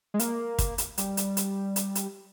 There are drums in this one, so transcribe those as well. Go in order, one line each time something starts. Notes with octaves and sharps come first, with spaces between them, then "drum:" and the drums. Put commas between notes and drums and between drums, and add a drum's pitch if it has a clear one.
G#3
A#3, drum: hi-hat
drum: kick, hi-hat
drum: hi-hat
G3, drum: hi-hat
drum: hi-hat
drum: hi-hat
drum: hi-hat
drum: hi-hat